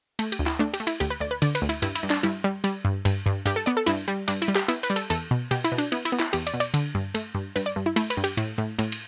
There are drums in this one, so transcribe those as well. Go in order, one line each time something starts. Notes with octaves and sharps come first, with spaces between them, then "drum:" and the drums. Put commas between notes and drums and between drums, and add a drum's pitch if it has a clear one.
A3, drum: cymbal
G4, drum: cymbal
D2
E4, drum: clap
A3 D4
G4, drum: cymbal
A3
E4, drum: cymbal
D2 G4, drum: cymbal
B4
D2 D5
B4
D3 D5, drum: cymbal
B4, drum: cymbal
D2
E4, drum: cymbal
G2 E4, drum: cymbal
E4, drum: cymbal
G2
D4, drum: clap
G2 E4, drum: cymbal
G3
G3, drum: cymbal
G2
G2, drum: cymbal
G2
G2 G4, drum: cymbal
A4
B3 D5
A4
G2 E4, drum: cymbal
G3
G2 D4, drum: cymbal
E4, drum: cymbal
G3
G4, drum: clap
B3 E4, drum: cymbal
B4, drum: cymbal
G3
A4, drum: cymbal
E2 A4, drum: cymbal
B2
B2 G4, drum: cymbal
E4, drum: cymbal
B2
D4, drum: cymbal
B3 E4, drum: cymbal
E4, drum: cymbal
B3
E4, drum: clap
E2 G4, drum: cymbal
D5, drum: cymbal
B2
D5, drum: cymbal
D3, drum: cymbal
G2
A3, drum: cymbal
G2
G2 B4, drum: cymbal
D5
G2
E4
A3 E4, drum: cymbal
B4, drum: cymbal
G2
G4, drum: cymbal
A2, drum: cymbal
A2
A2, drum: cymbal
drum: cymbal